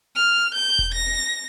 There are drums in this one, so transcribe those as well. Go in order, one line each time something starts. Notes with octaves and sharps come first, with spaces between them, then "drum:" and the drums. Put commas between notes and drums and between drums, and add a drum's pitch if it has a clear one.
F6
G6
drum: kick E1
A#6